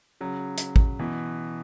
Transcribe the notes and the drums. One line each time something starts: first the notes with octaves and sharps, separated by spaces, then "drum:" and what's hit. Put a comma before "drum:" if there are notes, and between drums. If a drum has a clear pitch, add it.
C#3 F#3
drum: hi-hat
drum: kick
B2 E3